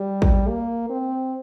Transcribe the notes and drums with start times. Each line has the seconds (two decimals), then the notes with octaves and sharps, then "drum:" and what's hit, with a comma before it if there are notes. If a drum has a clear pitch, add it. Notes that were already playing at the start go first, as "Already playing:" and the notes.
Already playing: G3
0.22 drum: kick
0.49 A#3
0.90 C4